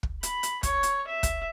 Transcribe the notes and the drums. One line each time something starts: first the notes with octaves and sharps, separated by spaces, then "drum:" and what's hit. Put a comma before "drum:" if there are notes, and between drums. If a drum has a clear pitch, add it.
drum: kick
B5, drum: hi-hat
drum: hi-hat
C#5, drum: kick, hi-hat
drum: hi-hat
E5
drum: kick, hi-hat